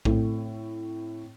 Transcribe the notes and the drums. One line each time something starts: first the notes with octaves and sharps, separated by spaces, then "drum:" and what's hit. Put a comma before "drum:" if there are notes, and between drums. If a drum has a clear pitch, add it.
A2 A3 C4, drum: kick A#1